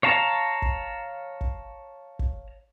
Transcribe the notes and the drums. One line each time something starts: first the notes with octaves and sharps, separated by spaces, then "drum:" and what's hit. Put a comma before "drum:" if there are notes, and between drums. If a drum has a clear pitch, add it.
C#5 F5 A5 A#5
drum: kick
drum: kick
drum: kick